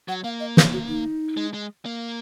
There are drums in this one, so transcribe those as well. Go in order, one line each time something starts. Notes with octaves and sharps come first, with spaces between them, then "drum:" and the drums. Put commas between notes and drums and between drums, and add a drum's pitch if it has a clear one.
F#3 F#5
A#3 F5
D#5
F5, drum: snare
F#4
D#4
G#3
G#3
A#3